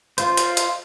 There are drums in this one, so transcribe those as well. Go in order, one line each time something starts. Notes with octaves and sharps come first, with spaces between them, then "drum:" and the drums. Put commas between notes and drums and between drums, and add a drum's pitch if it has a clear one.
F4 C5, drum: hi-hat
drum: hi-hat
drum: hi-hat